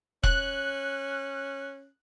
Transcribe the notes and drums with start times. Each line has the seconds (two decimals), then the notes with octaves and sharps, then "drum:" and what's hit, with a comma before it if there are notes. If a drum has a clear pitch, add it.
0.24 C#4 F#6, drum: kick E1